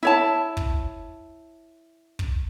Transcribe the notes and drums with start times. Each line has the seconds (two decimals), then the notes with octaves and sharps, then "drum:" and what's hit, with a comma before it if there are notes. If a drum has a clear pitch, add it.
0.03 E4 C#5 A5
0.57 drum: kick
2.19 drum: kick